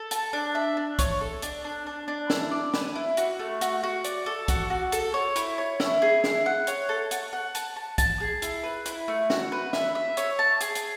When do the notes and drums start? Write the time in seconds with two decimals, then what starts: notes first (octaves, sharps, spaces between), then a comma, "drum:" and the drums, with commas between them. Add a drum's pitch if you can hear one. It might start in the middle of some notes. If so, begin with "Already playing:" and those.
Already playing: A4
0.11 A5, drum: hi-hat
0.33 D4
0.55 E5
0.77 D4
0.99 C#5, drum: kick, hi-hat
1.21 A4
1.42 D4, drum: hi-hat
1.64 D4
1.87 D4
2.08 D4
2.30 E4, drum: snare
2.51 D5
2.74 B4, drum: snare
2.96 E4
3.17 F#4, drum: hi-hat
3.39 A3
3.61 F#4, drum: hi-hat
3.83 F#4
4.05 D5, drum: hi-hat
4.26 A4
4.48 F#4, drum: kick, hi-hat
4.70 F#4
4.92 A4, drum: hi-hat
5.14 C#5
5.36 E4, drum: hi-hat
5.58 C#5
5.80 E4, drum: snare
6.02 G#4
6.24 E4, drum: snare
6.46 F#5
6.67 C#5, drum: hi-hat
6.89 A4
7.11 F#5, drum: hi-hat
7.33 F#5
7.55 A5, drum: hi-hat
7.76 A5
7.98 A5, drum: kick, hi-hat
8.20 G#4
8.42 E4, drum: hi-hat
8.63 B4
8.86 E4, drum: hi-hat
9.08 A3
9.30 F#4, drum: snare
9.52 B4
9.73 E5, drum: snare
9.95 E5
10.17 C#5, drum: hi-hat
10.39 A5
10.61 G#4, drum: hi-hat
10.75 drum: hi-hat